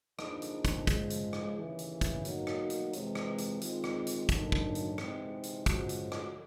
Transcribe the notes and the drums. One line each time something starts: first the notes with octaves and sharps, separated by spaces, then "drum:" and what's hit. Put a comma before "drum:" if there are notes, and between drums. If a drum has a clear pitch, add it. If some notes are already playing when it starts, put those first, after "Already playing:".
D3 F3 A#3 D#4 G#4, drum: rim click
drum: hi-hat
drum: kick, hi-hat
C#3 F3 G#3, drum: kick, hi-hat
drum: hi-hat
drum: rim click
D#2 C#3 E3
drum: hi-hat
drum: kick, hi-hat
B2 F#3 A#3 D#4 F#4, drum: hi-hat
drum: rim click
drum: hi-hat
F2 C3 E3 G#3, drum: hi-hat
drum: rim click
drum: hi-hat
D#3 G#3 C4 F4, drum: hi-hat
drum: rim click
drum: hi-hat
D2 D3 F#3 A#3 D#4, drum: kick, hi-hat
drum: kick
drum: hi-hat
C3 E3 G#3 C4 D#4, drum: rim click
drum: hi-hat
F3 G#3 C#4 F#4, drum: kick, hi-hat
drum: hi-hat
drum: rim click